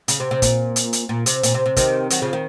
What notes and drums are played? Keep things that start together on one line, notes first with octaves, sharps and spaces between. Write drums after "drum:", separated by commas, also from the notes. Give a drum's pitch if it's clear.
C#3, drum: hi-hat
C3
C3
A#2, drum: kick, hi-hat
drum: hi-hat
drum: hi-hat
A#2
C3, drum: hi-hat
A#2, drum: hi-hat
C3
C3
C3 D#3, drum: kick, hi-hat
D#3 F#3, drum: hi-hat
C#3 F3
D#3